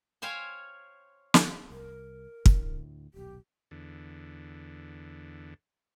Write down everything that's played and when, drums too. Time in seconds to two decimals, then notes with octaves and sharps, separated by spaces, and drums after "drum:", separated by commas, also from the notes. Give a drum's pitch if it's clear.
0.22 C5 C#5 F5 G5 G#5
1.34 drum: snare
1.70 C2 A#4
2.46 D2 A2, drum: kick
3.14 D#1 B1 G4
3.71 E2 D3